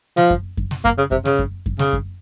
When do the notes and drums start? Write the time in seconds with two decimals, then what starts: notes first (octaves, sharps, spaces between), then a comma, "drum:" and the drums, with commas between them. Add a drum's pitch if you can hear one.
0.17 F3, drum: snare
0.30 drum: kick F#2
0.57 drum: kick F#2
0.71 drum: snare
0.85 A#3, drum: kick F#2
0.98 C#3
1.11 C3, drum: kick F#2
1.25 C#3, drum: snare
1.39 drum: kick F#2
1.66 drum: kick F#2
1.79 C#3, drum: snare
1.93 drum: kick F#2